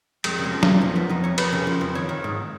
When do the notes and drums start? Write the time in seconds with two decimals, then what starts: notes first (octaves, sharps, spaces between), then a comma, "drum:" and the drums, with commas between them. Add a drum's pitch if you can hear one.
0.24 F2 G#3, drum: cymbal
0.38 C#3
0.44 G#3
0.53 F3
0.63 F2 A#3, drum: snare
0.81 F3 A#3
0.96 F3 B3
1.09 F2 D#4
1.24 F2 C#5
1.38 F2 B4, drum: cymbal
1.53 C#3
1.67 F3
1.81 F2
1.95 D#3 C#5
2.09 D#3
2.24 G#2